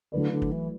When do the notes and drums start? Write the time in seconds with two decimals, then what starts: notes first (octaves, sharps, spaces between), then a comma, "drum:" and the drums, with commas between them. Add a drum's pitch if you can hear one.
0.12 D3 F#3 A3 E4 B4 D5
0.32 D3
0.42 drum: kick
0.52 E3